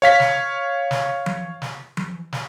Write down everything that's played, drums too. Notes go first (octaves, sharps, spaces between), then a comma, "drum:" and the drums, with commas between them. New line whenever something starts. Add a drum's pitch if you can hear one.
C#5 F5 B6
drum: snare
drum: snare
drum: tom F3
drum: snare
drum: tom F3
drum: snare